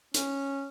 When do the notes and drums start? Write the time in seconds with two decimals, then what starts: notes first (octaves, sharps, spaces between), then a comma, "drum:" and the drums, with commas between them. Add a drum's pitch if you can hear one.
0.14 C#4, drum: hi-hat